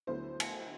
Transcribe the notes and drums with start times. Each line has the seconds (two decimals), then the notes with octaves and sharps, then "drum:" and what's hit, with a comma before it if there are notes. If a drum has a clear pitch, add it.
0.07 D2 D3 F#3 B3 E4 C5
0.40 drum: cymbal